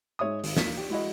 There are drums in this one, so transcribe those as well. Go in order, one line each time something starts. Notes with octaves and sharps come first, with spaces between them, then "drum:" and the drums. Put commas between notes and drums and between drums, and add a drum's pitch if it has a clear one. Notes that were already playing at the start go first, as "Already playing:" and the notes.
G#2 G#3 C#5 E5 D#6
G#1, drum: open hi-hat
E1 B1 A#3 B6, drum: snare
G4
G#3 E4 F#4 D#5